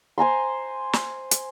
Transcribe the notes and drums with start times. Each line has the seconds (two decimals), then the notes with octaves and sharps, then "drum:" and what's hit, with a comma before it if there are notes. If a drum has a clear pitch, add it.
0.18 C5 G#5 A#5 C6
0.93 drum: snare
1.31 drum: hi-hat